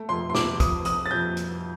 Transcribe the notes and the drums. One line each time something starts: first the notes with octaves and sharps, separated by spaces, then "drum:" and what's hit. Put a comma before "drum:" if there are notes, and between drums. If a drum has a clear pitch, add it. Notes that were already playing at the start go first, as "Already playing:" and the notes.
Already playing: A3
F2 C6
C6
C3 D6, drum: snare
F3 D#6, drum: kick, hi-hat
F2 D#6, drum: hi-hat
A6
F2 G6
drum: hi-hat